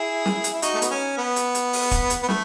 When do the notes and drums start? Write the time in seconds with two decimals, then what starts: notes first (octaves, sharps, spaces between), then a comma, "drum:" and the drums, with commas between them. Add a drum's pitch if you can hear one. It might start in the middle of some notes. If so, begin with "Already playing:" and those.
Already playing: E4 G#4
0.26 drum: snare
0.44 drum: hi-hat
0.54 E4
0.62 D#4 F#4, drum: hi-hat
0.75 A3
0.82 B3, drum: hi-hat
0.90 C#4
1.18 B3
1.36 drum: hi-hat
1.55 drum: hi-hat
1.73 drum: open hi-hat
1.91 drum: kick, hi-hat
2.10 drum: hi-hat
2.23 B3
2.29 A3, drum: snare